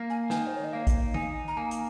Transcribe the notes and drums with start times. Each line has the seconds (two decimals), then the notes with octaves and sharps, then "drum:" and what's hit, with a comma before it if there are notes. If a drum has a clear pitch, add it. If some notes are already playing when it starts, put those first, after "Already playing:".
Already playing: A#3
0.10 G#5
0.30 D#3 G#5, drum: snare
0.47 C5
0.55 C#5
0.64 D#5
0.73 A#3 F5
0.87 drum: kick A1, hi-hat
1.14 D#4 G#5, drum: tom D#3
1.48 A#5
1.57 A#3 G#5
1.71 drum: hi-hat